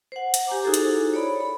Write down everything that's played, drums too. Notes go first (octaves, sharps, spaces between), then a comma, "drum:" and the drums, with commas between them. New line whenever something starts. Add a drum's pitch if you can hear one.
C5 F#5
drum: hi-hat
G4 G#5 A#5 D6
D#4 E4 F#4 G#4 A4 C5
drum: hi-hat
C#5 D5 B5
B5